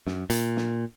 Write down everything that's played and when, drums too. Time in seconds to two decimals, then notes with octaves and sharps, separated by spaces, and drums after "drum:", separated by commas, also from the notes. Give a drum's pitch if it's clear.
0.07 F#2, drum: snare
0.30 A#2, drum: hi-hat
0.57 drum: snare